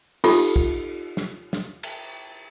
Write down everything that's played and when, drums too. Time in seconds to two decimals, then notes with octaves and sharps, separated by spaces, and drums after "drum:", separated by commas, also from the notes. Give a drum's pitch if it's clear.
0.24 D#4 F4 G4 A4, drum: cymbal
0.56 drum: kick
1.17 drum: snare
1.53 drum: snare
1.83 drum: cymbal